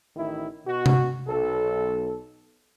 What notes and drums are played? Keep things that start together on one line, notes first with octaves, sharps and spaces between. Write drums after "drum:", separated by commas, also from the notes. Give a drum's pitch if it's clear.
A1 D#3 E4
B2 F#4
drum: tom C3
B1 A4